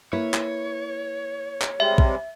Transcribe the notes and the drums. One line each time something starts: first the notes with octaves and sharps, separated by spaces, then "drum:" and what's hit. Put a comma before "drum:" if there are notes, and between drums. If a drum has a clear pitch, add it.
A#3 E4 B4 C#5
drum: clap
drum: clap
C3 G3 G#3 E5
drum: kick A#1